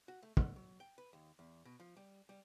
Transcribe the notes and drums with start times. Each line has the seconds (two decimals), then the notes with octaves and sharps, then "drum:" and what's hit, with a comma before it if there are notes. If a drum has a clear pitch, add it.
0.08 F#4
0.23 A3
0.37 F#5, drum: kick
0.56 F#3
0.80 G5
0.98 B4
1.13 D#2
1.39 E2
1.65 B2
1.80 F3
1.97 G3
2.29 G3